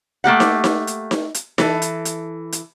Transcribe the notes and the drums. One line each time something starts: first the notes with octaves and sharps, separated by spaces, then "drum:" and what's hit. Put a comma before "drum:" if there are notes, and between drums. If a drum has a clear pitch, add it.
A3 A#3 G4 F#5
drum: snare D#4
drum: snare D#4
drum: hi-hat
drum: snare D#4
drum: hi-hat
E3 A4, drum: snare D#4
drum: hi-hat
drum: hi-hat
drum: hi-hat